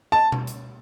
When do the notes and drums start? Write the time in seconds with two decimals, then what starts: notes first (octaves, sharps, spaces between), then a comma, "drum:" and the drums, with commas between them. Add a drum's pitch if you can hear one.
0.12 A5
0.32 drum: tom B2
0.47 drum: hi-hat